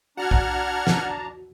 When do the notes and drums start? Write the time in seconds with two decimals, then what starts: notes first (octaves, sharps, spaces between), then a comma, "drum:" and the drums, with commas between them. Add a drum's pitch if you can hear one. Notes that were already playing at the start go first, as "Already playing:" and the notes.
0.17 D4 F#4 F#5 A5 A#5 F6 G#6
0.31 drum: kick
0.87 drum: snare